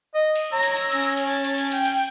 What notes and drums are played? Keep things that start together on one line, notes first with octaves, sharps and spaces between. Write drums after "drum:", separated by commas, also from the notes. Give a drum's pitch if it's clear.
D#5
drum: cymbal
C#5 A#5 E6 A#6
drum: cymbal
drum: cymbal
C#4, drum: cymbal
drum: cymbal
drum: cymbal
A5
drum: cymbal
drum: cymbal
G5, drum: cymbal
drum: cymbal